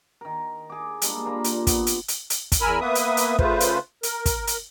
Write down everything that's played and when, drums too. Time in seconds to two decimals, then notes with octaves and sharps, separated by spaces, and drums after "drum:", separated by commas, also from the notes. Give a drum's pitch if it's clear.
0.21 D#3 A#4
0.70 G#4 D6
1.02 G3 G#3 A#3 D4, drum: hi-hat
1.25 A#3 F4 A#5 B5
1.44 A#2, drum: hi-hat
1.67 B3, drum: kick, hi-hat
1.87 drum: hi-hat
2.08 drum: hi-hat
2.30 drum: hi-hat
2.52 drum: kick, hi-hat
2.61 E2 A#4 G#5 B5 E6 F6
2.80 A#3 B3 B4 E5 D#6
2.95 drum: hi-hat
3.17 drum: hi-hat
3.39 C#3 A3 F4 B4 C5, drum: kick
3.60 drum: hi-hat
4.03 A#4, drum: hi-hat
4.26 drum: kick, hi-hat
4.47 drum: hi-hat